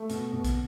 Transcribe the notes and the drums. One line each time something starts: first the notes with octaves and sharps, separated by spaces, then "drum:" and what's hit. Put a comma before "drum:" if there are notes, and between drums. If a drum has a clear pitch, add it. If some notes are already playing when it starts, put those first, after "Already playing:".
Already playing: A3
B2, drum: hi-hat
B2
drum: kick, hi-hat